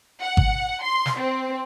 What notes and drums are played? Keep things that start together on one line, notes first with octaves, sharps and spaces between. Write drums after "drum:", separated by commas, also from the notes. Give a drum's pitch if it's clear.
F#5
drum: kick G#1
C6
drum: snare
C4